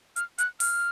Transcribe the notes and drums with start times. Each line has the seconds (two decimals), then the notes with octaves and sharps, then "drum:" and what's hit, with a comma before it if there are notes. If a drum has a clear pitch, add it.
0.16 F6, drum: hi-hat
0.39 F#6, drum: hi-hat
0.60 F6, drum: open hi-hat